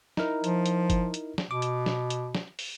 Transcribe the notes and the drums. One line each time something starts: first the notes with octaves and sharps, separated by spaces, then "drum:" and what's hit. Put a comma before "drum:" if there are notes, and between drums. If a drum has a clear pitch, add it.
D#4 E4 A#4, drum: snare
F3, drum: hi-hat
drum: hi-hat
drum: kick F#1, hi-hat
drum: hi-hat
drum: snare
B2 D6
drum: hi-hat
drum: snare
drum: hi-hat
drum: snare
drum: open hi-hat